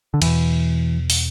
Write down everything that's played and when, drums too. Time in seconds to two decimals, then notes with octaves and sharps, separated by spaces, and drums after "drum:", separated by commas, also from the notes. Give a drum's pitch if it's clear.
0.14 D3
0.22 E2 B2 E3, drum: cymbal
1.10 drum: open hi-hat